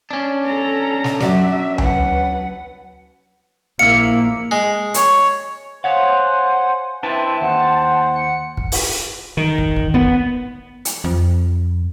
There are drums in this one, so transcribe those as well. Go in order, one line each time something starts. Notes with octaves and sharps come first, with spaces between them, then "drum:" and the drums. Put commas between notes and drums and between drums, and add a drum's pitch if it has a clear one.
C#4 D4
A4 A#5
drum: snare
F#3 D5 E5, drum: snare
B4 F#5, drum: tom D2
A#1 A#3 E4 F5 C#7
G#3
C#5, drum: hi-hat
C5 C#5 F5 F#5 G#5
C4 D4 E4 B4 E5 A5
D#2 C5 F#5
C#7
drum: kick
drum: open hi-hat
D#3
drum: kick
drum: kick
B3, drum: kick
drum: hi-hat
F2